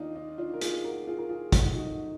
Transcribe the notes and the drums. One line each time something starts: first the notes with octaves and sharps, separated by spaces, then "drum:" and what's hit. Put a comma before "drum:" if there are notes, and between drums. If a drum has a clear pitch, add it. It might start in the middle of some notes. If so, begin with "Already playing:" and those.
Already playing: D#2 D#3 A#3 D4 D#4 F4
D#4
D4 F4
A#4
F4 G#4, drum: hi-hat
F#4 A#4
F4 G#4
A#4
F4 G#4
F#2 D3 F3 D#4 F#4, drum: kick, hi-hat
D#4 F#4